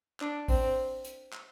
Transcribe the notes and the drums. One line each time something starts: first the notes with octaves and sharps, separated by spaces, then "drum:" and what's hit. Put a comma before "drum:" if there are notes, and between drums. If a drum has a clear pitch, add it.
D4, drum: clap
C4, drum: kick A1, open hi-hat
drum: hi-hat
drum: clap